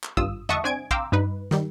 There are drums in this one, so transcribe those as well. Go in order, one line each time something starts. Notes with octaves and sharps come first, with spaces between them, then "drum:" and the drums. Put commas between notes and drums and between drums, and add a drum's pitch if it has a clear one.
drum: clap
G#1 G2 F4 D#6 E6, drum: kick
D#5 E5 F#5 A5 C#6 D#6, drum: tom E2
C4 D4 G#5 G#6 D7
F5 G5 A#5 C6 D6 E6, drum: kick
G2 D#4 B4
D#3 G3, drum: snare